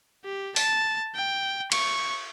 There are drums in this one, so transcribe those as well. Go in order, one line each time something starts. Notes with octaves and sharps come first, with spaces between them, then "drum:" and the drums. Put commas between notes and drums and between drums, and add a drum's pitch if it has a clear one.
G4
A5, drum: open hi-hat
G5
C#6, drum: cymbal